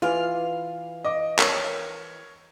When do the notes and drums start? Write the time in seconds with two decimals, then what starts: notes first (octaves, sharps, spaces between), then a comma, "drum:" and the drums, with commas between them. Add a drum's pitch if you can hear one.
0.02 E3 F4 F5
1.04 D#5 D6
1.39 A#4 C#5, drum: clap